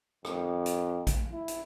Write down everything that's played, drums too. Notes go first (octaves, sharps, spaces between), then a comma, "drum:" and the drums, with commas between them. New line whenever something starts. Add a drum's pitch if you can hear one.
F2, drum: rim click
drum: hi-hat
drum: kick A1, hi-hat
E4
drum: hi-hat